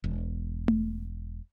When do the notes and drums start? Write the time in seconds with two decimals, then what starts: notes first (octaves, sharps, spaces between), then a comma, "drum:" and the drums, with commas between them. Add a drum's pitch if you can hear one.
0.04 E1
0.68 drum: tom A3